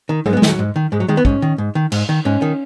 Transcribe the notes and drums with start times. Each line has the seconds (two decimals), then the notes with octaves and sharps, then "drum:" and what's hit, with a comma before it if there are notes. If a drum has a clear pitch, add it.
0.09 D#3
0.26 G#2 G#3, drum: tom F#3
0.33 B3
0.37 G#3
0.42 D#3, drum: snare
0.48 F#3
0.59 G#2
0.76 D#3
0.92 G#2 G#3
1.00 F#3
1.08 D#3 G#3
1.17 B3
1.25 G#2 C#4, drum: kick
1.42 D#3
1.58 G#2
1.75 D#3
1.92 G#2, drum: cymbal
2.09 D#3
2.25 G#2 C#4
2.42 D#3